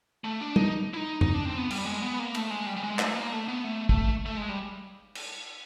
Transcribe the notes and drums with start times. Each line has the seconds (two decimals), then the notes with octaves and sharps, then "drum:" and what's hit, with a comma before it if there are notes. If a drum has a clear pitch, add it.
0.24 A3
0.41 D4
0.56 D#4, drum: tom G3
0.94 E4
0.97 D#4
1.21 D#4, drum: tom F2
1.34 D4
1.45 C4
1.58 B3
1.70 G3, drum: cymbal
1.85 G#3
2.02 B3
2.19 A#3
2.35 A3, drum: cymbal
2.50 G#3
2.66 G3
2.76 G3
2.83 G#3
2.99 A3, drum: clap
3.15 A#3
3.32 A3
3.48 B3
3.64 A3
3.89 A3, drum: kick
4.26 A3
4.37 G#3
4.49 G3
5.15 drum: cymbal